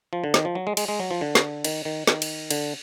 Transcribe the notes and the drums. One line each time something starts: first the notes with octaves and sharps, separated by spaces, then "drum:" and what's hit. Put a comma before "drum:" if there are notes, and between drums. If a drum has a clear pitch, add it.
F3
D3
D#3, drum: snare
F3
F#3
G#3
G#3, drum: cymbal
G#3
F#3
F3
D3
drum: snare
D#3, drum: cymbal
D#3
D#3, drum: snare
drum: cymbal
D3, drum: cymbal